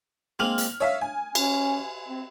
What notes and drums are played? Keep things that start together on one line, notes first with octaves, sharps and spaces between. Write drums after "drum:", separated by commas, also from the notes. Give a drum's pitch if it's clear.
G#3 A#3 C4 F6 F7 F#7
drum: hi-hat
C#5 E5 F5 D#6
G#5
C#4, drum: cymbal
C4